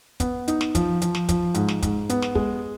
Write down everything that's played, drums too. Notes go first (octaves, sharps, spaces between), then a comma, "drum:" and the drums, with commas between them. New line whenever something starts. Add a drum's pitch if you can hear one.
B3, drum: kick, hi-hat
D#4, drum: hi-hat
drum: snare
F3, drum: kick, hi-hat
F3, drum: hi-hat
drum: snare
F3, drum: kick, hi-hat
G#2, drum: hi-hat
drum: snare
G#2, drum: kick, hi-hat
B3, drum: hi-hat
drum: snare
G#3, drum: kick